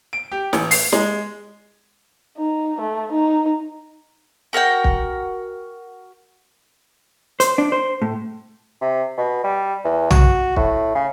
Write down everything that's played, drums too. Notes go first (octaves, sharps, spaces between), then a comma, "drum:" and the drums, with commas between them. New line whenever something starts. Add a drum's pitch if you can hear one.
D7
G4
A1, drum: snare
C7, drum: open hi-hat
G#3, drum: snare
D#4
A3
D#4
F#4 A#4 F#5 G5
drum: kick
C5, drum: hi-hat
D4
C5
A2
C3
B2
G3
E2
F#4, drum: tom
A2, drum: kick
C#3